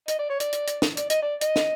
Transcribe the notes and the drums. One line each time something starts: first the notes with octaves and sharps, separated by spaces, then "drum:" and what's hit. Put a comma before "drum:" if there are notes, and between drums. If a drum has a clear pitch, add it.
D#5, drum: hi-hat
D5
C#5
D5, drum: hi-hat
drum: hi-hat
drum: hi-hat
drum: snare
D5, drum: hi-hat
D#5, drum: hi-hat
D5
D#5, drum: hi-hat
drum: snare